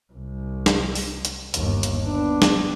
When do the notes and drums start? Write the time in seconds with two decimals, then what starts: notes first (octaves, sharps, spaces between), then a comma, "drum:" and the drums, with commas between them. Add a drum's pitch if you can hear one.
0.13 C2
0.66 drum: snare
0.95 drum: open hi-hat
1.25 drum: hi-hat
1.54 G1 D#2, drum: hi-hat
1.83 drum: hi-hat
2.03 B3 D4
2.42 drum: snare